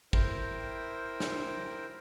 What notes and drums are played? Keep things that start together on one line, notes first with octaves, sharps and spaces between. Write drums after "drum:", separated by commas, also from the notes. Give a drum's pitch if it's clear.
E4 A#4 C5 G5, drum: kick
drum: snare